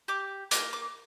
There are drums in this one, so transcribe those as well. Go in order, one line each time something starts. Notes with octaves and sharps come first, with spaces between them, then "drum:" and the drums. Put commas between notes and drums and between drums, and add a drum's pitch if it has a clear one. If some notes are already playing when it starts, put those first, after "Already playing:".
G4 D6
A#3, drum: hi-hat
D6